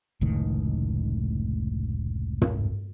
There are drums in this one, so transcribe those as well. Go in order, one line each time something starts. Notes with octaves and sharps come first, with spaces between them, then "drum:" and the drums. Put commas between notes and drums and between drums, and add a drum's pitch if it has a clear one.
F1 C#2 A2 D#3
drum: tom